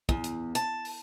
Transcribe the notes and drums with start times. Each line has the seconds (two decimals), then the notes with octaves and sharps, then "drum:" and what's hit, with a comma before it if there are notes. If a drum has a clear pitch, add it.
0.09 E2, drum: kick
0.24 drum: hi-hat
0.55 A5, drum: hi-hat
0.85 drum: open hi-hat